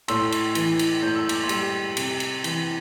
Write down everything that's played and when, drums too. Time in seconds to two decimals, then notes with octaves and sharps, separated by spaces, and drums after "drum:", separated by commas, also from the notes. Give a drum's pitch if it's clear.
0.08 A2 C6 E6, drum: cymbal
0.32 drum: cymbal
0.55 E3, drum: cymbal
0.79 drum: cymbal
1.03 A2 G6
1.16 E6
1.29 D6, drum: cymbal
1.43 C6 E6
1.49 G3, drum: cymbal
1.97 C3, drum: cymbal
2.20 drum: cymbal
2.44 E3, drum: cymbal